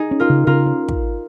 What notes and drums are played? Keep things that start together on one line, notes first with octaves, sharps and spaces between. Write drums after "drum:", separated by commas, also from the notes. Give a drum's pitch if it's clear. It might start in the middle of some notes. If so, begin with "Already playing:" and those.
Already playing: D#4 G#4
C#4
F4 A#4
C#3
C#3 F4 A#4
C#4
drum: kick